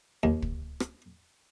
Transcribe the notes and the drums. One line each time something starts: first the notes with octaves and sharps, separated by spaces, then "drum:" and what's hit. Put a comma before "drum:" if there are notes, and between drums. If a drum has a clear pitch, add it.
D#2
drum: kick
drum: rim click